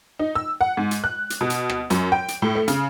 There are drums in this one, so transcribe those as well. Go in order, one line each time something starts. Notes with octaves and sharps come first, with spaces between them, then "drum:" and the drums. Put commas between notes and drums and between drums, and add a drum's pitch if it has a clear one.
D#4
E6
F#5
G#2
drum: hi-hat
F#6
drum: hi-hat
B2
drum: hi-hat
drum: rim click
F#2, drum: hi-hat
G5
drum: hi-hat
A2
A3
C#3, drum: hi-hat